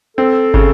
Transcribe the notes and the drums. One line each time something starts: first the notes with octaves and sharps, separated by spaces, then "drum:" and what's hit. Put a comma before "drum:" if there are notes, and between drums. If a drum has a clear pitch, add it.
C4 A4
C#3, drum: kick